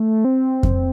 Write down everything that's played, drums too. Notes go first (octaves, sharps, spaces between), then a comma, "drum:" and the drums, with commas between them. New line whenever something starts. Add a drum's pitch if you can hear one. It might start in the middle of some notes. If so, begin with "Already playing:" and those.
Already playing: A3
C4
drum: kick F2